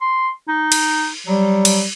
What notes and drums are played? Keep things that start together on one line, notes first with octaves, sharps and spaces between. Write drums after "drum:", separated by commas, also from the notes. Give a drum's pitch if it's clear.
C6
D#4
drum: cymbal
F#3 G3
drum: cymbal